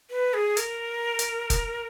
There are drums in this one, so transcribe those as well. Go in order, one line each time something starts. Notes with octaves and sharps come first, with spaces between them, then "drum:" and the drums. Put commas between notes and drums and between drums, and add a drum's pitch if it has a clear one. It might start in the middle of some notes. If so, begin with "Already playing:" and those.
B4
G#4
A#4, drum: hi-hat
drum: hi-hat
drum: kick F#1, hi-hat